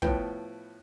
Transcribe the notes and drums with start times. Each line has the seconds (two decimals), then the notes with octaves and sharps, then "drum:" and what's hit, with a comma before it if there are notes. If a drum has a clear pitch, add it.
0.02 A2 F3 B3 G5, drum: kick